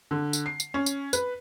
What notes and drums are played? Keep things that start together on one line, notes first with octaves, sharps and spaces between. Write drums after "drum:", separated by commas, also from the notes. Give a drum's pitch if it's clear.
D3
drum: tambourine
C7
drum: tambourine
C#4
drum: tambourine
B4, drum: tambourine